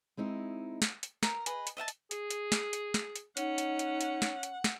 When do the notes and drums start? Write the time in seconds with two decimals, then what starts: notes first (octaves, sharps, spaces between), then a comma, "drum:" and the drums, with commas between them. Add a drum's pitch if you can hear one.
0.17 G#3 C4 D#4 E4
0.82 drum: snare
1.03 drum: hi-hat
1.23 A#4, drum: snare
1.46 G#4 B4 D#5, drum: hi-hat
1.67 drum: hi-hat
1.77 D#5 E5 F#5 A5
1.88 drum: hi-hat
2.11 G#4, drum: hi-hat
2.30 drum: hi-hat
2.52 drum: snare
2.73 drum: hi-hat
2.94 drum: snare
3.16 drum: hi-hat
3.37 C#4 D#4 F#5, drum: hi-hat
3.58 drum: hi-hat
3.79 drum: hi-hat
4.01 drum: hi-hat
4.22 drum: snare
4.43 drum: hi-hat
4.64 drum: snare